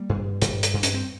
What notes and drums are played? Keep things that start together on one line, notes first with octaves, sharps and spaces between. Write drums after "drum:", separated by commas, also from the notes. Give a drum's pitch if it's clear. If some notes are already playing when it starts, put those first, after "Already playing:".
Already playing: G3 A#3
G2
G2, drum: hi-hat
drum: hi-hat
G2
C#4, drum: hi-hat
C4